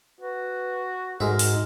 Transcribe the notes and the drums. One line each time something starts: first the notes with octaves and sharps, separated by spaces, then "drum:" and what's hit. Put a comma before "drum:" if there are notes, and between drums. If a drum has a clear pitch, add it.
F#4 B4
G#2 G#3 F#4 A#4 E5
drum: open hi-hat